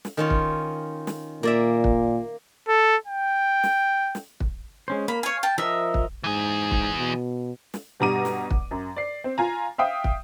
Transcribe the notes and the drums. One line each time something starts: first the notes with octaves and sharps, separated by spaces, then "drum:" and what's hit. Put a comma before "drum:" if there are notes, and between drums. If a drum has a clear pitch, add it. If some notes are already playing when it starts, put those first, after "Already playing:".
drum: snare
D#3 C#4 F4
drum: kick
drum: snare
A#2 A#3 D5 E5
drum: kick
A4
G5
drum: snare
drum: snare
drum: kick
G#3 C#4 C5
A#3 B5
C#5 F5 G#5
G5 A5
F3 A#4 D#5 E5
drum: kick
G#2 E3 G#4
drum: kick
B2
drum: snare
G2 B2 G3 A#5 D6 D#7
drum: snare
drum: kick
F#2
D5 C7
C4
F4 G#5 A#5
E5 F5 G5 D#6
drum: kick